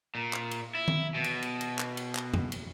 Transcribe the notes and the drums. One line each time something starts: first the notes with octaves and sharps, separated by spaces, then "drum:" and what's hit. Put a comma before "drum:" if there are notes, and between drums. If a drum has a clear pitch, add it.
A#2
drum: clap
drum: cymbal
E4
drum: tom D#3
B2
drum: cymbal
drum: cymbal
drum: cymbal
drum: clap
drum: cymbal
drum: clap
drum: tom F2
drum: cymbal